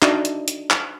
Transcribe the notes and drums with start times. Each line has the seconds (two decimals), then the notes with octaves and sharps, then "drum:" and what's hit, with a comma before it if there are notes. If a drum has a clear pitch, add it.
0.02 D4 D#4 F#4 D#5 E5, drum: clap
0.25 drum: hi-hat
0.48 drum: hi-hat
0.70 drum: clap